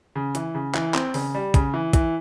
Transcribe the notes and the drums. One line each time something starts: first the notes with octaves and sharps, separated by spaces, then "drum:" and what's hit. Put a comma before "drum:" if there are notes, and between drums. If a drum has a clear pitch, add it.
C#3
E3, drum: hi-hat
C#3
E3, drum: clap
C4, drum: clap
C#3, drum: open hi-hat
G3
C#3, drum: kick, hi-hat
E3
E3, drum: kick, hi-hat